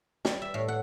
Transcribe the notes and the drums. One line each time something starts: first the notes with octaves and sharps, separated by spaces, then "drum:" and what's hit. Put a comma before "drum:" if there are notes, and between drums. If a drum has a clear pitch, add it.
G3, drum: snare
E5
A2
F#5